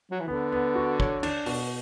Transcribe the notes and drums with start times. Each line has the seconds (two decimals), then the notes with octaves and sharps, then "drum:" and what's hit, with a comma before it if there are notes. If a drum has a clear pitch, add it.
0.11 F#3
0.20 E3
0.28 D3 B3
0.52 B3
0.75 F#4
1.00 C#5, drum: kick G1
1.23 D4, drum: cymbal
1.46 B2, drum: open hi-hat